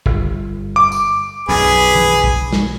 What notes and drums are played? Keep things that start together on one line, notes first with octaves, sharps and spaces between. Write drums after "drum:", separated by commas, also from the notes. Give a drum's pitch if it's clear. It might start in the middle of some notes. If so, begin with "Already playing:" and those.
G1, drum: kick
D6
drum: tambourine
B1 F#2 G#4 B4
drum: tom
drum: kick
drum: snare